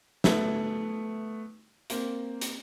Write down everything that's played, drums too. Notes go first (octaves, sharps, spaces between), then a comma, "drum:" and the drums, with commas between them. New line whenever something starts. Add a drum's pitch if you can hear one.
A3 B3, drum: snare
A#3 C4, drum: hi-hat
drum: hi-hat